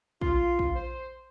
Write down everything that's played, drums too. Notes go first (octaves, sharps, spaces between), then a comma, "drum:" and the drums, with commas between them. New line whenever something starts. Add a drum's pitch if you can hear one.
F4, drum: kick
drum: kick
C5